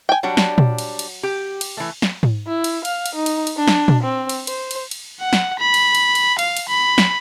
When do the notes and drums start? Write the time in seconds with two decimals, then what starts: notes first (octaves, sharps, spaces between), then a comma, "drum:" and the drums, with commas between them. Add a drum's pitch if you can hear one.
0.09 G5 G#5
0.23 F#3 G3 D4 F#5
0.37 drum: snare
0.58 drum: tom A#2
0.78 drum: cymbal
0.99 drum: cymbal
1.23 G4
1.61 drum: cymbal
1.77 E3 A3
2.02 drum: snare
2.23 drum: tom G#2
2.47 E4
2.64 drum: cymbal
2.85 F5, drum: cymbal
3.06 drum: cymbal
3.15 D#4
3.26 drum: cymbal
3.47 drum: cymbal
3.57 D4
3.68 drum: snare
3.88 drum: tom A#2
4.03 C4
4.29 drum: cymbal
4.47 C5, drum: cymbal
4.71 drum: cymbal
4.91 drum: cymbal
5.20 F#5
5.33 drum: snare
5.59 B5
5.74 drum: cymbal
5.95 drum: cymbal
6.15 drum: cymbal
6.39 F5, drum: cymbal
6.57 drum: cymbal
6.69 B5
6.98 drum: snare